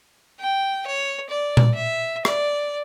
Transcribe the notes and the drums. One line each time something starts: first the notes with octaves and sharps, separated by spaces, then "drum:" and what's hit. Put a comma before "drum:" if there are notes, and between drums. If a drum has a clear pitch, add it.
G5
C#5
D5
drum: tom A#2
E5
D5, drum: rim click